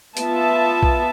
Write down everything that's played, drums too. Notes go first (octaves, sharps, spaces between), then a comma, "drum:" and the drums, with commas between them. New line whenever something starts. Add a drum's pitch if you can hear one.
B3 F4 E5 A5, drum: hi-hat
drum: kick B1